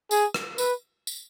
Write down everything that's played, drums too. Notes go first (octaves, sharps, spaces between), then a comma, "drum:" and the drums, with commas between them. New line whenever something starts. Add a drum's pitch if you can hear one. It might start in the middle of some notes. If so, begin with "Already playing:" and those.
G#4, drum: tambourine
drum: rim click
B4, drum: tambourine
drum: tambourine